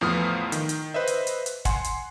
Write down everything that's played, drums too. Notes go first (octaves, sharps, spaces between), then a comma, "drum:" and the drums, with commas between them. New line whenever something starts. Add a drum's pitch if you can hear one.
E2 A2 F3 B3 D#6 F6
D#3, drum: hi-hat
drum: hi-hat
B4 C5 D#5 E5
drum: hi-hat
drum: hi-hat
drum: hi-hat
F#5 G#5 C6, drum: kick, hi-hat
drum: hi-hat